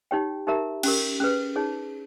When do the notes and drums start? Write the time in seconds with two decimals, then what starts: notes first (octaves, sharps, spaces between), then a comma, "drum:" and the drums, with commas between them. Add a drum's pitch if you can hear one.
0.11 D#4 G4 C#5 G5
0.47 D#4 G4 A#4 E5 A#5
0.83 C#4 G4 A#4, drum: cymbal
1.20 C#4 G#4 B4
1.56 D#4 G#4 C#5